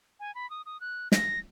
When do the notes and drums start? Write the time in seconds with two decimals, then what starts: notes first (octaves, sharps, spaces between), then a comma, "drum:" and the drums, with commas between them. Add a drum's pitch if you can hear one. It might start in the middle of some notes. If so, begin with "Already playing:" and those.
0.20 G#5
0.35 B5
0.50 D#6
0.66 D#6
0.81 F#6
1.12 A#6, drum: snare